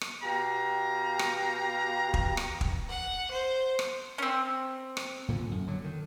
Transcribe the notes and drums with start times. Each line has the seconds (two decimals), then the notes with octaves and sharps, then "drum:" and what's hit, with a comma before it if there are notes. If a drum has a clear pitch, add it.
0.01 drum: rim click
0.23 B2 G4 F5 A#5
1.19 drum: rim click
2.14 drum: kick
2.37 drum: rim click
2.61 drum: kick
2.89 F#5
3.31 C5
3.79 drum: rim click
4.18 C4 C#4
4.97 drum: rim click
5.28 A#2 D3
5.51 F#2
5.67 D3 F#3
5.84 D#3